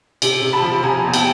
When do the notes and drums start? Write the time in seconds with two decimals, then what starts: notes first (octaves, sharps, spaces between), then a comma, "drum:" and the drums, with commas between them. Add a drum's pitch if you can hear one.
0.22 C3, drum: cymbal
0.42 C3
0.53 A5 B5
0.62 F3
0.83 C3 G#5 A#5
1.04 E2
1.14 G5 A5, drum: cymbal